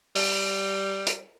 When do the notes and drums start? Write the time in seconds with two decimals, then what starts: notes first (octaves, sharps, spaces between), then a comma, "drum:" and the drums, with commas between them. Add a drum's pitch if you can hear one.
0.16 G3, drum: open hi-hat
1.07 drum: hi-hat